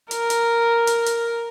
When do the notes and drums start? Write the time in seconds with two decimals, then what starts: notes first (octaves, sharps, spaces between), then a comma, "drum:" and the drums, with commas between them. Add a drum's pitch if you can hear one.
0.11 A#4, drum: hi-hat
0.30 drum: hi-hat
0.87 drum: hi-hat
1.06 drum: hi-hat